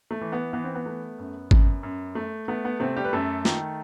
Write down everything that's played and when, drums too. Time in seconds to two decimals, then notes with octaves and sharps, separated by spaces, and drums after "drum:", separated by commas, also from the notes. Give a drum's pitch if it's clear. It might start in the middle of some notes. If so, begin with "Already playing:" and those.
0.11 A3
0.21 E3
0.32 B3
0.53 E3 B3
0.64 C4
0.75 B3
0.86 A3
1.19 F#2
1.51 F#2, drum: kick G#1
1.83 F#2
2.15 A3
2.48 A3 B3
2.65 B3
2.80 C3 A3 C4
2.96 G3 G4
3.05 B4
3.13 F#2 A3 A4
3.45 D#3, drum: snare